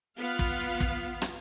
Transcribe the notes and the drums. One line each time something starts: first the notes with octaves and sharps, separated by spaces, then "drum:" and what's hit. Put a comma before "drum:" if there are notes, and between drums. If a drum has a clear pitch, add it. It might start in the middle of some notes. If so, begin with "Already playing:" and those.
B3 F4 F5
drum: kick
drum: kick
drum: rim click